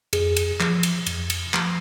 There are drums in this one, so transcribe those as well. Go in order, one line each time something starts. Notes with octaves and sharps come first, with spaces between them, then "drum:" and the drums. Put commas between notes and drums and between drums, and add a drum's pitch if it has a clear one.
F2 G#4, drum: cymbal
drum: cymbal
F3, drum: clap
drum: cymbal
F2, drum: cymbal
drum: cymbal
F3, drum: clap